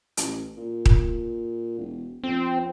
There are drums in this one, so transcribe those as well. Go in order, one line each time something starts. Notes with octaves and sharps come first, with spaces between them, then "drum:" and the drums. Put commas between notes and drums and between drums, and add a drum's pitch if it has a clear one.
A1, drum: hi-hat
A#2
drum: kick D#1
E1
F2 C4